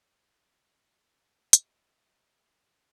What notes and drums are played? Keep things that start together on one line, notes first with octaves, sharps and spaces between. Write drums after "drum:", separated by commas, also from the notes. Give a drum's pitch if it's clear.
D#4 F4 D#5 E5 G5, drum: hi-hat